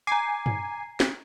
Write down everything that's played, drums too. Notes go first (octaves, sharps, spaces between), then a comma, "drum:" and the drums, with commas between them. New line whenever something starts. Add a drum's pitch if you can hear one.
G#5 A#5 D6 C7
drum: tom
drum: snare